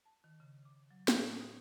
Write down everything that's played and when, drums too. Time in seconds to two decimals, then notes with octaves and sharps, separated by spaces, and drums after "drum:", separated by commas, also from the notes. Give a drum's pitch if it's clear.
0.06 A5
0.24 D#3
0.40 C#3
0.65 D6
0.91 F#3
1.08 A2, drum: snare
1.25 A3
1.39 D#6